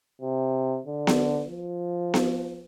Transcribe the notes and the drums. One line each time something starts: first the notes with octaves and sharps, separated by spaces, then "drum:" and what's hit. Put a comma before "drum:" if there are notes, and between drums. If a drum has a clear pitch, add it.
C3
D3
drum: snare B3
F3
drum: snare B3